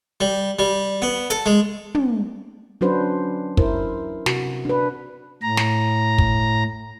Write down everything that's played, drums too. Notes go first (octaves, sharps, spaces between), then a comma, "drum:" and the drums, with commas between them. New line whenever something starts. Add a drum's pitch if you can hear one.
G3
G3
B3
A4, drum: hi-hat
G#3
drum: tom
F#3 C#4 D4 F#4 B4 C5
E4 A#4 C5, drum: kick
C3 F#4, drum: snare
D4 B4
A2 A#5
drum: snare
drum: kick